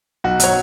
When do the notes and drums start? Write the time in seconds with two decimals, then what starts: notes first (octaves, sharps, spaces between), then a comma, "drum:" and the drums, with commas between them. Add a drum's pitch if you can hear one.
0.24 B1 F#4
0.40 F#3 C#5, drum: hi-hat